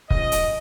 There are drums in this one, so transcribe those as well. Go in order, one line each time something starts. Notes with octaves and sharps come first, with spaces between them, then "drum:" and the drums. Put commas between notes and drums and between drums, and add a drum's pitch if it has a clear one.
F3 G#3 C#4 D#5, drum: kick
drum: hi-hat